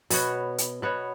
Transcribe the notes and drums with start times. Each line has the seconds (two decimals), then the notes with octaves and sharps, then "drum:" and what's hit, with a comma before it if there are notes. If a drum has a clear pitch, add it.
0.10 B2 B3 F#4 C#5, drum: open hi-hat
0.58 drum: hi-hat
0.82 B2 B3 F#4 C#5